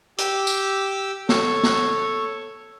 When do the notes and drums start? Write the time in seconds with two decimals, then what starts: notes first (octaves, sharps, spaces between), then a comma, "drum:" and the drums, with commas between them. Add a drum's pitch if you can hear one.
0.18 G4 D6 E6, drum: hi-hat
0.47 drum: tambourine
1.29 A4 C#5, drum: snare
1.63 drum: snare